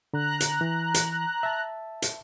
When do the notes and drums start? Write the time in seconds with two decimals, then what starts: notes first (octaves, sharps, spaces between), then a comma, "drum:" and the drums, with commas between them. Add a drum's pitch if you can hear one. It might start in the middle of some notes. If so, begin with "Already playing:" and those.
0.13 D3 A#5 F#6
0.40 drum: hi-hat
0.61 E3
0.94 drum: hi-hat
1.43 E5 A5
2.02 drum: hi-hat